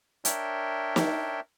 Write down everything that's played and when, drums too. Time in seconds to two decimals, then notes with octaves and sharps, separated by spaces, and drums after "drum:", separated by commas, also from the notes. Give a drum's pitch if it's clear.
0.25 D4 A#4 C#5 E5 G5, drum: hi-hat
0.96 drum: snare